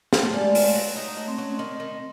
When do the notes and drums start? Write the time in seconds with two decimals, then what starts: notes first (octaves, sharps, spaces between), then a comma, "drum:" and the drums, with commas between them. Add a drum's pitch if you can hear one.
0.13 A3 F4, drum: snare
0.33 G3 G#3
0.55 F4, drum: open hi-hat
0.75 F#3
0.96 D#4
1.16 F#3 A3
1.28 C4
1.37 F#3 C#4
1.59 D#3 C4
1.80 D#3